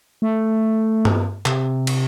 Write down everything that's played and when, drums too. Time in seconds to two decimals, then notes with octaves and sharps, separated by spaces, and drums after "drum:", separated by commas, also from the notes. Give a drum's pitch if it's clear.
0.22 A3
1.05 drum: tom G2
1.46 C3, drum: clap
1.87 drum: cymbal